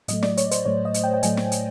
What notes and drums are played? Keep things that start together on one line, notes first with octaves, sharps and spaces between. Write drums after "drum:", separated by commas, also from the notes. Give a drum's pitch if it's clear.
A2 F#3 A3 D#5, drum: hi-hat
D5, drum: snare
C#5, drum: hi-hat
C5, drum: hi-hat
A2 F#3 A3 C#5
D#5
drum: hi-hat
G5
G5
A2 F#3 A3 G#5, drum: hi-hat
drum: snare
drum: hi-hat